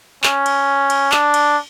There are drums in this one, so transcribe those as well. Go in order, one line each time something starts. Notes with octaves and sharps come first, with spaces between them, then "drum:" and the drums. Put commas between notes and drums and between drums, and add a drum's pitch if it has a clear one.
C#4, drum: clap
drum: cymbal
drum: cymbal
D4, drum: clap
drum: cymbal